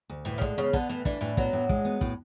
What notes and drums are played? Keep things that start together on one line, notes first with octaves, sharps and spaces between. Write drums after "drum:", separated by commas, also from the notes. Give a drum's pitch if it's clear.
D2
A2 E3
C#3
D3 G#3, drum: kick
C#3 B3
D3 B3, drum: kick
A2 E3
E3 D4, drum: kick
A2 E3
F#3 B3, drum: kick
A2
G#3, drum: kick
B3
A2, drum: kick